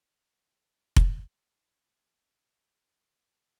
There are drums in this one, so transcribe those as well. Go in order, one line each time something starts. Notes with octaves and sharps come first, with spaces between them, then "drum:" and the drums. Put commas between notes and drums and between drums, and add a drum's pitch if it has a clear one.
B3 C#4 G#4 A4
drum: kick F1
A5
C#2
G#4
A#3
G4
D#2 A#3